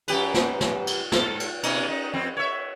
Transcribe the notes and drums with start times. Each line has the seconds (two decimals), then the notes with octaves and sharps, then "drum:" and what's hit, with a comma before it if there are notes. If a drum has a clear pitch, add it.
0.08 F#2 G4 B4, drum: cymbal
0.34 drum: snare
0.61 drum: snare
0.87 drum: cymbal
1.12 G#2 A4, drum: snare
1.40 drum: cymbal
1.63 B2 C#4 D#4, drum: cymbal
1.89 D#4
2.14 F2 C4
2.37 C#5 E5